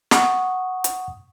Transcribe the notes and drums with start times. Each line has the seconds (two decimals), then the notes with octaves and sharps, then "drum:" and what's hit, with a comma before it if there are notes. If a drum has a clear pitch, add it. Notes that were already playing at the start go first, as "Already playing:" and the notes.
0.11 F#5 C#6 D#6, drum: snare
0.84 drum: hi-hat